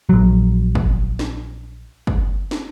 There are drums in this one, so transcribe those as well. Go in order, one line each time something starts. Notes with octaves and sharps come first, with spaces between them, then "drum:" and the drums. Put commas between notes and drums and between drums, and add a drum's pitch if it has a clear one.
A#1 F#3
drum: kick
drum: snare
drum: kick
drum: snare